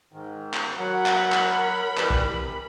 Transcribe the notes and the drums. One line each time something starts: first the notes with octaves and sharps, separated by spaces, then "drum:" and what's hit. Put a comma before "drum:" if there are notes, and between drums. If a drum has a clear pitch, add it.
G#2 D#3
drum: clap
F#3 A#4 F#5 B5
drum: clap
drum: clap
E3 G3 B4, drum: clap
drum: kick
C3